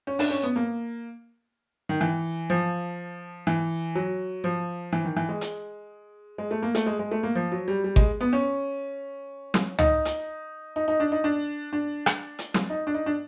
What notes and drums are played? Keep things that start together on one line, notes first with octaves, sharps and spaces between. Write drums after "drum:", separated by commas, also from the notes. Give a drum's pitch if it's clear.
C#4
D4, drum: open hi-hat
C#4
B3
A#3
D#3
E3
F3
E3
F#3
F3
E3
D#3
E3
G#3
drum: hi-hat
G#3
A3
A#3
A3, drum: hi-hat
G#3
G#3
A3
A#3
F3
F#3
G3
G3
G#3, drum: kick G#1
B3
C#4
drum: snare
D#4, drum: tom
drum: hi-hat
D#4
D#4
D4
D#4
D4
D4
drum: rim click
drum: hi-hat
drum: snare
D#4
D4
D#4
D4